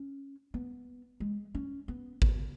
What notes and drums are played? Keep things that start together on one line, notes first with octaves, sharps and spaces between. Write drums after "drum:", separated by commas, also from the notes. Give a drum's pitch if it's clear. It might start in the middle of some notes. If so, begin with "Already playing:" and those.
Already playing: C#4
B3
G#3
C#4
B3
B3, drum: kick G#1